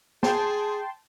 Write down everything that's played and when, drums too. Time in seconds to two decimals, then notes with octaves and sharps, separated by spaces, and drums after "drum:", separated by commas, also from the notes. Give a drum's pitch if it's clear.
0.23 G#4 G5 A5 C6, drum: snare